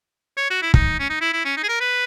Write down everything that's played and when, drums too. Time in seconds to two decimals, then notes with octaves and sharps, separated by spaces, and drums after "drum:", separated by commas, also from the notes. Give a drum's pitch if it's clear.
0.37 C#5
0.50 F#4
0.62 E4
0.74 D#4, drum: kick
0.99 C#4
1.10 D#4
1.21 E4
1.33 E4
1.45 C#4
1.57 D#4
1.63 G#4
1.69 A#4
1.80 B4